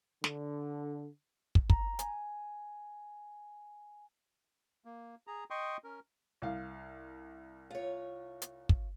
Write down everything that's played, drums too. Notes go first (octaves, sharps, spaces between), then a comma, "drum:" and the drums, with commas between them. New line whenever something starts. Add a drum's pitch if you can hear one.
D3, drum: snare
drum: kick
A#5, drum: kick
G#5, drum: hi-hat
A#3
G#4 A#5
D#5 G5 C6 C#6 D#6
C#4 A#4
C2 F5
F4 C#5
drum: hi-hat
drum: kick